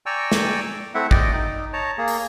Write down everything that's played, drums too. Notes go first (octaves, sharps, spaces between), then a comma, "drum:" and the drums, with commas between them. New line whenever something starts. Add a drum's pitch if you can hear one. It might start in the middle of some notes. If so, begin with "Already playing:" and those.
D5 G5 G#5 A#5 C#6 E6
drum: snare
A3 C4 E4 E5 F#5
D5 D#5 G5, drum: kick
D#4
C#5 A5 A#5
A#3 G#4
drum: open hi-hat